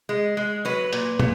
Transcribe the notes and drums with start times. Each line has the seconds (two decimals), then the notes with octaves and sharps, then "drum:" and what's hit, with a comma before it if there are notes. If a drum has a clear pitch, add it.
0.09 G#3
0.37 G#3
0.65 F#3 B4
0.93 A#2, drum: hi-hat
1.19 A#2, drum: tom